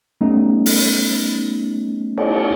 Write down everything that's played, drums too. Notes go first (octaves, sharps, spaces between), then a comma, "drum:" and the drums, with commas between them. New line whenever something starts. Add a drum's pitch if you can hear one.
G3 A3 B3 C#4 D#4
drum: open hi-hat
drum: cymbal